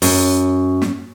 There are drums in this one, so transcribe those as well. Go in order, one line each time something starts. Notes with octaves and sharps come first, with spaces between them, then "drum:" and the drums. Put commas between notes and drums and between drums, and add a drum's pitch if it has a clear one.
F#2, drum: open hi-hat
drum: snare